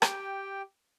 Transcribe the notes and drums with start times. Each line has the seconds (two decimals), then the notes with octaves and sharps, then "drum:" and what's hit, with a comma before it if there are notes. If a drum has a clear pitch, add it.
0.02 G4 G5, drum: rim click